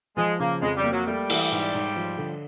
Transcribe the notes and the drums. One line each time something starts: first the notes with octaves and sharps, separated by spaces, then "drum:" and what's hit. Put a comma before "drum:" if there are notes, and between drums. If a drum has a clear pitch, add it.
F3 G#3
C#3 A#3
F2 G#3
G3
A#3
F#3
G3 A3
E3, drum: cymbal
G#2
G#2
F3
D3